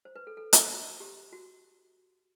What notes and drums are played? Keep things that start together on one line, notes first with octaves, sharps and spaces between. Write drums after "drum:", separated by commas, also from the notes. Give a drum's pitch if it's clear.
C5
B4
A4
A4
A4, drum: hi-hat
G4
F#4